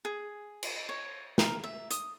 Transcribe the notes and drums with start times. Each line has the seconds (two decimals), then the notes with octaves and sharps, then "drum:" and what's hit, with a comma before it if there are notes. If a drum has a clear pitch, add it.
0.05 G#4
0.63 drum: cymbal
0.89 C#5
1.38 A#4, drum: snare
1.64 E5
1.91 D#6, drum: hi-hat